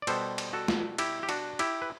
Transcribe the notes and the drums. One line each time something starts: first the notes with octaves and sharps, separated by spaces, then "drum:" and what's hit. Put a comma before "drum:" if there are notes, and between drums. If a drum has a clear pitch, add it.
D5
B2 G3 B3 A4 C5, drum: cymbal
drum: cymbal
F#4 A4
drum: snare
E4 G4, drum: cymbal
G4
D4 F#4, drum: cymbal
E4 G4, drum: cymbal
B4